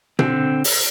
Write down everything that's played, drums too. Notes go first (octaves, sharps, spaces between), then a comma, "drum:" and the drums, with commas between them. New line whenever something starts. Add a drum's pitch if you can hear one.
D3 C4, drum: tom B2
drum: open hi-hat